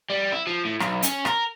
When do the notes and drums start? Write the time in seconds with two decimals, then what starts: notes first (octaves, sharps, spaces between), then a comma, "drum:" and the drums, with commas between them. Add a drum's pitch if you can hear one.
0.10 G3
0.32 E4
0.47 F3
0.65 A2
0.80 B1, drum: rim click
1.03 C#4, drum: hi-hat
1.25 A#4, drum: rim click